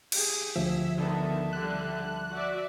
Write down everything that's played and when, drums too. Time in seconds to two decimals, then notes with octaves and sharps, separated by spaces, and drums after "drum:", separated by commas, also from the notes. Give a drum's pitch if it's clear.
0.12 G4 G#4, drum: cymbal
0.56 D2 F3 E5
0.98 D3 D#3 B3 A4 E5
1.53 D3 G3 F#6
2.30 F#4 D5 E5